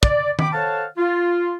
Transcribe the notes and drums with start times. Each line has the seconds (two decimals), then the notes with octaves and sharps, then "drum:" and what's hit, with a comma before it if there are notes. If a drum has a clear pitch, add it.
0.03 D5, drum: kick
0.39 G5 B5 D6, drum: tom D#3
0.53 A4 C5 C#5 F5 F#5 A5
0.97 F4